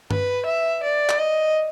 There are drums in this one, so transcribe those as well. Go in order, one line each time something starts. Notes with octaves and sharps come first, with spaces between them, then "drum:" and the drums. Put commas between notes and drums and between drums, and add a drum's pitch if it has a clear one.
B4, drum: tom G2
E5
D5
drum: clap
D#5